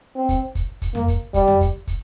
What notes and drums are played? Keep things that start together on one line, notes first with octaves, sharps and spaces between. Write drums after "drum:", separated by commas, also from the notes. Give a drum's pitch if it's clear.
C4
drum: kick, hi-hat
drum: kick, hi-hat
drum: kick, hi-hat
A#3, drum: tom F2
drum: kick, hi-hat
G3, drum: kick, hi-hat
drum: tom F2
drum: kick, hi-hat
drum: kick, hi-hat